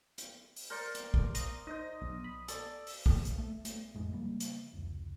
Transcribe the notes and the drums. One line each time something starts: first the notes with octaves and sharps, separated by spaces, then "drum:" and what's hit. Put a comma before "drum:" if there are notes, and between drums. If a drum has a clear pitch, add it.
drum: hi-hat
drum: open hi-hat
A#4 C5 D5 G6 C#7
drum: hi-hat
drum: kick
A#5 C6 D#6, drum: hi-hat
D#4 C5 D#5
B1
B5
A4 D5, drum: hi-hat
drum: open hi-hat
drum: kick
drum: hi-hat
A3
A3, drum: hi-hat
A1 F2 G#3
C#3 F3 G3 A#3
drum: hi-hat
F1 C#2